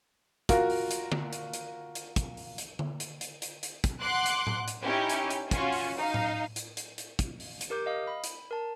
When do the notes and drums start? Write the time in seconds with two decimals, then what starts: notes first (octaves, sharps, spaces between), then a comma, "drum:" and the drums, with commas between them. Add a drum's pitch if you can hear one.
0.49 F4 F#4 A#4 F5, drum: kick, hi-hat
0.70 drum: open hi-hat
0.91 drum: hi-hat
1.12 drum: tom D3
1.33 drum: hi-hat
1.53 drum: hi-hat
1.95 drum: hi-hat
2.16 drum: kick, hi-hat
2.37 drum: open hi-hat
2.58 drum: hi-hat
2.79 drum: tom D3
3.00 drum: hi-hat
3.21 drum: hi-hat
3.42 drum: hi-hat
3.63 drum: hi-hat
3.84 drum: kick, hi-hat
4.01 F#5 C6 D6 F#6
4.26 drum: hi-hat
4.47 drum: tom A2
4.68 drum: hi-hat
4.85 C#4 D#4 E4 G4
5.10 drum: hi-hat
5.30 drum: hi-hat
5.51 C#4 F4 F#4, drum: kick, hi-hat
5.72 drum: open hi-hat
5.97 D#4 F5
6.14 drum: tom A2
6.56 drum: hi-hat
6.77 drum: hi-hat
6.98 drum: hi-hat
7.19 drum: kick, hi-hat
7.40 drum: open hi-hat
7.61 drum: hi-hat
7.70 G4 A#4 D6 G6
7.86 D#5 F5 D#6
8.07 B5
8.24 drum: hi-hat
8.51 A#4 A5